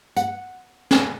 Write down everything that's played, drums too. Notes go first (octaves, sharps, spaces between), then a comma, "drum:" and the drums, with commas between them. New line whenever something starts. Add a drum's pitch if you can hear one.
F#5, drum: hi-hat
drum: snare